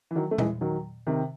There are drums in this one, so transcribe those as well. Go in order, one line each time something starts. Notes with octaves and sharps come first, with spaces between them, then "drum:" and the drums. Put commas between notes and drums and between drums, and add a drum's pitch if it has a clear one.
E3
D#3 F#3
A3
E3 G#3, drum: tom A#2
D#3 F#3
C3 D#3